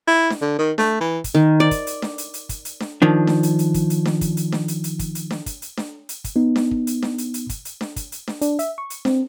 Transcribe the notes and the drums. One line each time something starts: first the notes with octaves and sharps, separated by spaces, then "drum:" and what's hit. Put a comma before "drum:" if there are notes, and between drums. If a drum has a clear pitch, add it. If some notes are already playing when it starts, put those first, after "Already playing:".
E4
drum: snare D4
D3
D#3
A3, drum: snare D4
E3
drum: kick, hi-hat
D#3
D5
drum: kick, hi-hat
drum: hi-hat
drum: snare D4
drum: hi-hat
drum: hi-hat
drum: kick, hi-hat
drum: hi-hat
drum: snare D4
D#3 F3 D4
drum: snare D4
drum: hi-hat
drum: hi-hat
drum: kick, hi-hat
drum: hi-hat
drum: snare D4
drum: kick, hi-hat
drum: hi-hat
drum: snare D4
drum: hi-hat
drum: hi-hat
drum: kick, hi-hat
drum: hi-hat
drum: snare D4
drum: kick, hi-hat
drum: hi-hat
drum: snare D4
drum: hi-hat
drum: kick, hi-hat
B3 D#4
drum: snare D4
drum: kick
drum: hi-hat
drum: snare D4
drum: hi-hat
drum: hi-hat
drum: kick, hi-hat
drum: hi-hat
drum: snare D4
drum: kick, hi-hat
drum: hi-hat
drum: snare D4
D4, drum: hi-hat
E5, drum: hi-hat
C#6
drum: hi-hat
C4, drum: snare D4